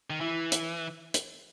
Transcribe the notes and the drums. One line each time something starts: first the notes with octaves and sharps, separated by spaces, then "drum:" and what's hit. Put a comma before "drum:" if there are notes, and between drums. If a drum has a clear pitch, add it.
D#3
E3 E4
drum: hi-hat
drum: hi-hat